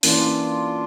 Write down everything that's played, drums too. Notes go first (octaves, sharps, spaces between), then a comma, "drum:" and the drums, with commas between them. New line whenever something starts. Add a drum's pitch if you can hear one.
E3 A#3 C#4 D4 F4, drum: open hi-hat